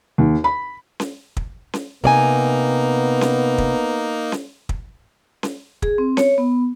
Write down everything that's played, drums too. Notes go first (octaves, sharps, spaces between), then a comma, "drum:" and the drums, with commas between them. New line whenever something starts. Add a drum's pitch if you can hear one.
D#2
B5
drum: snare C#4
drum: kick
drum: snare C#4
C3 A#3 B3 D#4 D5 G#5
drum: snare C#4
drum: kick
drum: snare C#4
drum: kick
drum: snare C#4
G#4, drum: kick
C4
C#5, drum: snare C#4
B3